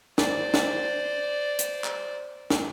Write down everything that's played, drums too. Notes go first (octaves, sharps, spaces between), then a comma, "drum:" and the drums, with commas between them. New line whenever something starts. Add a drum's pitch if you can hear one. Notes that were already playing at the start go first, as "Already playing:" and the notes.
C5 D5, drum: snare
drum: snare
drum: hi-hat
drum: clap
drum: snare